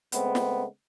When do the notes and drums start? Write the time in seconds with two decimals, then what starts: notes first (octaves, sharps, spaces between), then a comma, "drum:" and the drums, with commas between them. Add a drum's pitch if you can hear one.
0.12 C#3 G#3 A3 B3 C4, drum: hi-hat
0.35 drum: snare